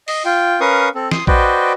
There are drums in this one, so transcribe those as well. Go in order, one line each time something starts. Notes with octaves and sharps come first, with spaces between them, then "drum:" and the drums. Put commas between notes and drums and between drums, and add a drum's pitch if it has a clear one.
D#5, drum: open hi-hat
F4 G5
C#4 A#4 B4 F5 C#6 D#6
C4 A4
C6 D#6, drum: snare
F#4 B4 C5 D5 D#5 G5, drum: kick